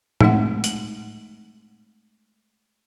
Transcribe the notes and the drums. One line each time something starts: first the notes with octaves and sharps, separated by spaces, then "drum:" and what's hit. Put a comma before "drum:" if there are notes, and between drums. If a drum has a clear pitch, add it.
G#3 A3 C4 D#4 E5 F#5, drum: tom A2
drum: hi-hat